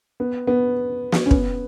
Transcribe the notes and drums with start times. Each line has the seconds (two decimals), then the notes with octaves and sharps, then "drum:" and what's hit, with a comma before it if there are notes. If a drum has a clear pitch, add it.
0.20 B3
0.47 B3
1.12 drum: snare
1.26 C#4
1.31 B3, drum: kick